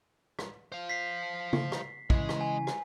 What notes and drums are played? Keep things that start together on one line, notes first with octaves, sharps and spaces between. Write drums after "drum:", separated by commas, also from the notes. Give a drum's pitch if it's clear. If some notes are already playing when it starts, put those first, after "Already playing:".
drum: rim click
C5 F5
B6 C7
drum: tom
drum: rim click
C#3 E3 G#3, drum: kick
drum: rim click
G#5
drum: rim click